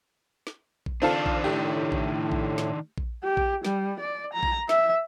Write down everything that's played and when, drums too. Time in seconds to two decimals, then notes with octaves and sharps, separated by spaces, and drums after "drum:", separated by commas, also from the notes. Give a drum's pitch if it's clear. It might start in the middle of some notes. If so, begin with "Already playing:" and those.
0.47 drum: snare
0.86 drum: kick A#1
1.02 D#3 C4 D4 F4 A4
1.26 drum: kick A#1
1.44 A2 A3 G4
1.92 drum: kick A#1
2.32 drum: kick A#1
2.58 drum: snare
2.98 drum: kick A#1
3.24 G4
3.37 drum: kick A#1
3.65 G3, drum: snare
4.00 D5
4.33 A#5
4.43 drum: kick A#1
4.69 E5, drum: snare